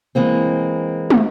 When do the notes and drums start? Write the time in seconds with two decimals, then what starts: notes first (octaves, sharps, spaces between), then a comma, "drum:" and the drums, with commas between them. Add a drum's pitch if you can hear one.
0.15 E3 G#3 A#3 C4
1.10 drum: tom